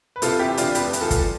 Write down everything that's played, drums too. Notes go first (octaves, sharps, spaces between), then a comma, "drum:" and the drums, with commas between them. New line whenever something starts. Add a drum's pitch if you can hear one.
B4
C3 F4 A4, drum: hi-hat
E2 E4 G4
C3 D4 F4, drum: hi-hat
F1 G4 B4, drum: hi-hat
E2, drum: hi-hat
F4 A4
G3, drum: kick, hi-hat